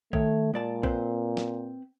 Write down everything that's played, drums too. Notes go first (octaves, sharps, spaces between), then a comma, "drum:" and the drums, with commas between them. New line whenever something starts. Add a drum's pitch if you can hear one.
D#3 A3 C#5, drum: kick
A#2 G#3 D5 A5
C4 B4 C5, drum: kick
drum: snare